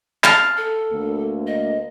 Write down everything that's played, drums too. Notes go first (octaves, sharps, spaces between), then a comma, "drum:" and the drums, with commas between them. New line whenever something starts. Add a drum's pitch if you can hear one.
F5 A5, drum: clap
A4
D2 A#3
D#5